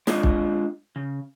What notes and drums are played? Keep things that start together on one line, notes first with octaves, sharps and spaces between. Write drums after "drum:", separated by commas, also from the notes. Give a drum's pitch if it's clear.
G#3 D4 F4 D#5, drum: snare
drum: kick
C#3